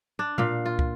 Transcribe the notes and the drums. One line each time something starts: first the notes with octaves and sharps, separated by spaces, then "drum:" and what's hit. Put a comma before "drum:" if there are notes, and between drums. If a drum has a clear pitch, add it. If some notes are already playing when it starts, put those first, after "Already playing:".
D4
A#2 F5, drum: tom B2
F4
drum: kick